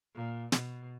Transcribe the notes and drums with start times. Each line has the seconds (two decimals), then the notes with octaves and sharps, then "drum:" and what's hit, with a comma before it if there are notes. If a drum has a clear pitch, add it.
0.15 A#2
0.52 B2, drum: snare